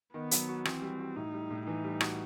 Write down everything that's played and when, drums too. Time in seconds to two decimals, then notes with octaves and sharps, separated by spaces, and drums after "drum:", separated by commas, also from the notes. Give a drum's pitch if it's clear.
0.14 D#3 B3
0.31 F#3, drum: hi-hat
0.49 F#4
0.65 E3 C4, drum: rim click
0.82 G3
1.00 F#4
1.17 A2 D#4
1.33 G3
1.50 A2
1.66 E3 D#4
1.84 G3
2.01 F#4, drum: rim click